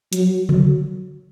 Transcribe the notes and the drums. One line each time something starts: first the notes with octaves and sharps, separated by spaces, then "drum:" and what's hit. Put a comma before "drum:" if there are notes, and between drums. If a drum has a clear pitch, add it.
F#3, drum: hi-hat
F#3, drum: tom C#3